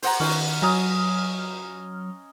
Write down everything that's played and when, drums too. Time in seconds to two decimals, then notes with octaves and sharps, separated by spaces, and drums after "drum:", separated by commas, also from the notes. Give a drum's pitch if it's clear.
0.02 C5 F#5 A#5, drum: open hi-hat
0.20 D#3 C#4, drum: cymbal
0.62 F#3 C#5 D#5 G#5 A#5 F6